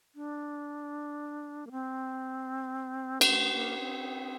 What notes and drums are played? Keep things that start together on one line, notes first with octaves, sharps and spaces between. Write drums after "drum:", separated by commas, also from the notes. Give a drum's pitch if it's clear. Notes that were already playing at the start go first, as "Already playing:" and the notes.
D4
A#3
C4
A#3, drum: cymbal
A3
A#3
C4